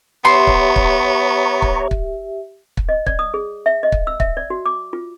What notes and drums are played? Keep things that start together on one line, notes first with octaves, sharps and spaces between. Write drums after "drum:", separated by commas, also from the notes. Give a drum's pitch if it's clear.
B3 G4 C#5 E5 A#5 C6 C#6
drum: kick
drum: kick
drum: kick
drum: kick
drum: kick
D#5
D5, drum: kick
D#6
G#4
E5
D#5
drum: kick
E6
E5, drum: kick
D5
F#4
D6
F4